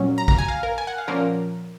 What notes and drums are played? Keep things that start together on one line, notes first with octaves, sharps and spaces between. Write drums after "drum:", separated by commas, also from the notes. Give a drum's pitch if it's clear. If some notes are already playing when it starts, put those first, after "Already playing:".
Already playing: A#2 F#3 C#4
A#5
A#5, drum: kick A1
G#5
F5
A#4
G#5
F#5
F5
A#2 F3 A#3 C#4 A#4